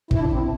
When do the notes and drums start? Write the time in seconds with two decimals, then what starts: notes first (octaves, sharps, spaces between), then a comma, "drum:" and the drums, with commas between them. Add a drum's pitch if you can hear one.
0.11 E4, drum: kick
0.20 D4
0.33 C4